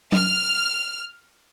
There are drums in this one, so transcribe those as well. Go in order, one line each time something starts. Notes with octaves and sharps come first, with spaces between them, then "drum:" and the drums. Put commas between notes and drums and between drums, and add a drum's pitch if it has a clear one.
F6, drum: tom F#3